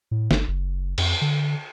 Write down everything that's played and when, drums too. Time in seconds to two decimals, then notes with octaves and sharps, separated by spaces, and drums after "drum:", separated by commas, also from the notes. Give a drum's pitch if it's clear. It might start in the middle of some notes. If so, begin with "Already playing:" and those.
0.11 A2
0.31 G1, drum: snare
0.48 F#1
0.98 F2, drum: cymbal
1.22 D3